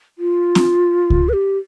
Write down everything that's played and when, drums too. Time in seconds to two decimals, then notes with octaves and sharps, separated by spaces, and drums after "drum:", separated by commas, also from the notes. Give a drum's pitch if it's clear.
0.18 F4
0.55 drum: snare C4
1.10 drum: kick C#2
1.29 B4
1.33 G4